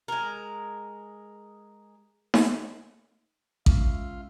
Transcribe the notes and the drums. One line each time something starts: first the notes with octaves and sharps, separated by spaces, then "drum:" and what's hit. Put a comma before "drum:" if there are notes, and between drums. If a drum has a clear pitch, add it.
G#3 A#4
drum: snare D#4
G#3 C#4 F4 E5, drum: kick A1